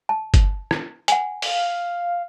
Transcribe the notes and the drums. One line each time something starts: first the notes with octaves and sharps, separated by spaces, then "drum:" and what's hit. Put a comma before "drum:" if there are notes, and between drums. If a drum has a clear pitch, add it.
A5
drum: kick G1, hi-hat
drum: rim click
F#5 G#5, drum: hi-hat
F5, drum: open hi-hat